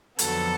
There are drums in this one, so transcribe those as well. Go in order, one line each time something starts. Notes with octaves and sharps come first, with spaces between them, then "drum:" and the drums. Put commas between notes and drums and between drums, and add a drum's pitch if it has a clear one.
F2 D3 F#3 B3 A4, drum: hi-hat